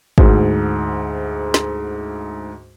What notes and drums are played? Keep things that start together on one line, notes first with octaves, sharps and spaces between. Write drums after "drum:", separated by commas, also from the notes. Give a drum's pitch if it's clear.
D2 G#2, drum: kick
drum: snare